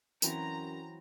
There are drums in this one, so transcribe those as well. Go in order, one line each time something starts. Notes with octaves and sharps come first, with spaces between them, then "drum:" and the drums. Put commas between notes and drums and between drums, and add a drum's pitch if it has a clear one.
F#2 E3 F#3 C4 A#5, drum: tambourine